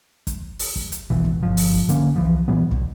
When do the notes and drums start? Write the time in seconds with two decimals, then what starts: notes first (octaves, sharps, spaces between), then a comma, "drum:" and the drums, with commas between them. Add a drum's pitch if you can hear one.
0.27 drum: kick, hi-hat
0.59 drum: open hi-hat
0.76 drum: kick
0.92 drum: hi-hat
1.10 E1 A#1 B2 E3
1.24 drum: kick
1.43 G1 F3
1.57 drum: open hi-hat
1.73 drum: kick
1.89 D3 A#3 C#4, drum: hi-hat
2.16 C2 E3 F3
2.48 A#2 E3 G3 B3
2.71 B1, drum: kick